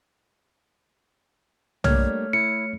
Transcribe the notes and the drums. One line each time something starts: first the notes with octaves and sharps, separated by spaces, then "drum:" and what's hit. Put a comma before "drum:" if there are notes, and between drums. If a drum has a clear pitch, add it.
G3 A3 A#3 D4 C#5 F6 G#6, drum: tom B1
E4 C#7